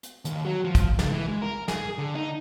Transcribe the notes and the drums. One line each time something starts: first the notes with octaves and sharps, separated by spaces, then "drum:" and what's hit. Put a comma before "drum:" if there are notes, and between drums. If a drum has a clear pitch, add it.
drum: hi-hat
D#2, drum: hi-hat
F#3
F3
drum: kick, hi-hat
C#2, drum: snare
E3
G#3
A#4
G#4, drum: snare
D3
D#4